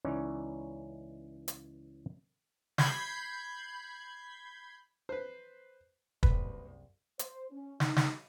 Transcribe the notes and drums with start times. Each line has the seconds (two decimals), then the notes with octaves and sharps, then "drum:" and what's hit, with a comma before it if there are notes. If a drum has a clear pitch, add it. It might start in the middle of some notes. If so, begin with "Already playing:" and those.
0.05 C#2 E3 C#4 D#4 C#5 D5
1.48 drum: hi-hat
2.78 B5 G6 G#6 C7, drum: snare
5.09 B4 C5
6.23 F#1 C2 B4, drum: kick
7.19 C5, drum: hi-hat
7.51 C#4
7.80 D#4, drum: snare
7.96 drum: snare